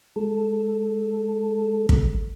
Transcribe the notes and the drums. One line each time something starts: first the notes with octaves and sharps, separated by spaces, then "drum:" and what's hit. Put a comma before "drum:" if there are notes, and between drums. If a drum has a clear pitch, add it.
G#3 A4
drum: kick